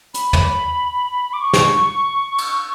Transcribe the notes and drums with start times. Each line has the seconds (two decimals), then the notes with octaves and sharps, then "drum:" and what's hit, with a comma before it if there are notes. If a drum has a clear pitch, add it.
0.14 B5, drum: hi-hat
0.33 drum: tom
1.33 D6
1.41 C#6
1.53 drum: snare
2.38 drum: cymbal